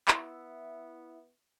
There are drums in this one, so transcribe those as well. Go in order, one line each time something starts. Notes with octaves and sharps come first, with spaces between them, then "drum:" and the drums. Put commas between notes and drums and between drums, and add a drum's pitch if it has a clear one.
B3 E4 E5, drum: clap